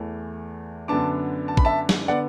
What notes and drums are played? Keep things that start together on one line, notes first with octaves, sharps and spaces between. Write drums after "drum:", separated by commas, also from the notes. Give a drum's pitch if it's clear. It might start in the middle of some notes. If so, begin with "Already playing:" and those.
Already playing: E2 E3 A3
F#2 D3 B3 D4 A5 D6
A5
B5, drum: kick
E5 A5
drum: snare
D3 B3 D5 F#5